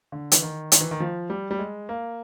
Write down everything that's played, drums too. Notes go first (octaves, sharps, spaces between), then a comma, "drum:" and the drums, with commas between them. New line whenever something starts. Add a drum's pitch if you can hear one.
D3
E3, drum: hi-hat
D#3
D#3, drum: hi-hat
E3
D#3
F3
G3
G3
G#3
A#3